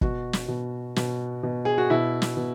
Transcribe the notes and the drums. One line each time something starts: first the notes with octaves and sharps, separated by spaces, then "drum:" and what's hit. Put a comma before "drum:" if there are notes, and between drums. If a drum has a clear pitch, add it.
B2 F#4, drum: kick
drum: snare
B2
B2, drum: snare
B2
G#4
F#4
B2 E4
drum: snare
B2